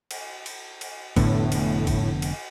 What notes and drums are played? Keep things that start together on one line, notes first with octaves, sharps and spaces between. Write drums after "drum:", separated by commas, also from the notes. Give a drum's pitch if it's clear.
drum: cymbal
drum: cymbal
drum: cymbal
F1 A2 D3 B3, drum: kick G#1, cymbal
drum: cymbal
drum: kick G#1, cymbal
drum: cymbal